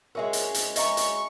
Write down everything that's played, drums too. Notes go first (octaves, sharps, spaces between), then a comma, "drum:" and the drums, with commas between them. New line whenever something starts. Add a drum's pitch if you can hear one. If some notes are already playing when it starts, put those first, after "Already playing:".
G#3 C#4 F#4 A#4 E5
drum: hi-hat
drum: hi-hat
D#5 E5 A#5 C#6, drum: hi-hat
drum: hi-hat